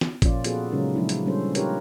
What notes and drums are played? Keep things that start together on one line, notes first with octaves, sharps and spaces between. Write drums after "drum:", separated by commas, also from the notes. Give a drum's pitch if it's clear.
drum: snare
A#2 F3 A#3 C#4 F4 D5, drum: kick, hi-hat
B3 F4 F#4 G#4 A4 B4, drum: hi-hat
C#3 F#3 G#3 C#4 D#4 A#4
F3 F#3 G#3 A#3 D4 E4
drum: hi-hat
G3 G#3 C#4 D4 A4 C5
D#4 F4 G4 A#4 B4 C#5, drum: hi-hat